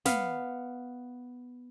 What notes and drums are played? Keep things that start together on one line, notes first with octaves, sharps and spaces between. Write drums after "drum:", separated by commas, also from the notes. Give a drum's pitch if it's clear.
B3 F5, drum: snare